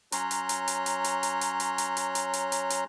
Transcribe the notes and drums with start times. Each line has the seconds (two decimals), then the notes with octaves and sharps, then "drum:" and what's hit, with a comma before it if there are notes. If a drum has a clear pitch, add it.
0.12 F#3 C#4 C#5 A#5 C6 F#6, drum: hi-hat
0.31 drum: hi-hat
0.49 drum: hi-hat
0.68 drum: hi-hat
0.86 drum: hi-hat
1.04 drum: hi-hat
1.23 drum: hi-hat
1.41 drum: hi-hat
1.60 drum: hi-hat
1.78 drum: hi-hat
1.97 drum: hi-hat
2.15 drum: hi-hat
2.34 drum: hi-hat
2.52 drum: hi-hat
2.70 drum: hi-hat